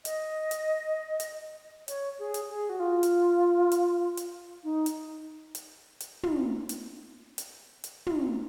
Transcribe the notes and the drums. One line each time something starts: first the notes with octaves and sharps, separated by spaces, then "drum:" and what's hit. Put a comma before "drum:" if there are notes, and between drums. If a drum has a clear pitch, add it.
D#5, drum: hi-hat
drum: hi-hat
drum: hi-hat
C#5, drum: hi-hat
G#4
drum: hi-hat
G#4
F#4
F4
drum: hi-hat
drum: hi-hat
drum: hi-hat
D#4
drum: hi-hat
drum: hi-hat
drum: hi-hat
drum: tom
drum: hi-hat
drum: hi-hat
drum: hi-hat
drum: tom